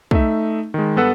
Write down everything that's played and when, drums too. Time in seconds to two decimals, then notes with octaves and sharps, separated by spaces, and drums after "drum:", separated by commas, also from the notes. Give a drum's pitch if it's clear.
0.11 A3 D#4 E5, drum: kick
0.74 D#3 G#3
0.96 G2 B3 A4 B4 F#5 E6